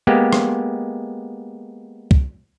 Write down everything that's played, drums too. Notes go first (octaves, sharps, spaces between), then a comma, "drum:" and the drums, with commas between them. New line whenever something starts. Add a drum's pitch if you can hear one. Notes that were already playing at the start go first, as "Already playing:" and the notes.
G#3 A#3 B3 G4
drum: rim click
drum: kick C2